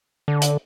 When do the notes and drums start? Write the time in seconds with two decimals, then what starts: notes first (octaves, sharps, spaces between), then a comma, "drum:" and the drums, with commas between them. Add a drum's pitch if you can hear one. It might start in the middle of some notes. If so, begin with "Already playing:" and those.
0.28 D3
0.42 drum: hi-hat